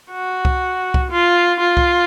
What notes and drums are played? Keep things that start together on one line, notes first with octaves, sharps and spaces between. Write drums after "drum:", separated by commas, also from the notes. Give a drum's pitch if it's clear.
F#4
drum: kick C2
drum: kick C2
F4
F4
drum: kick C2